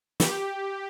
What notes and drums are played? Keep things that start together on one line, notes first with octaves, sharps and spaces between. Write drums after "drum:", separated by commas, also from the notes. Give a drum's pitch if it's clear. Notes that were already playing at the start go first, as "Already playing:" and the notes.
G4, drum: snare